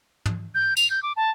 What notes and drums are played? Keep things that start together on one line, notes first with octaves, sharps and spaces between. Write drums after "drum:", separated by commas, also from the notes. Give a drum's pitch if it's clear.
drum: tom
G6
F7, drum: tambourine
G6
D6
A5